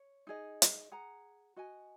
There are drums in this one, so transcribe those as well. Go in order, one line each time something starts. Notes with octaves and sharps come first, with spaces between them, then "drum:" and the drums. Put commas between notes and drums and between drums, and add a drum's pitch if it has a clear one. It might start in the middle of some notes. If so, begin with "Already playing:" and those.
Already playing: C#5
D#4 G#4 D#5
drum: hi-hat
G#4 F#5 A#5
F#4 D#5 G#5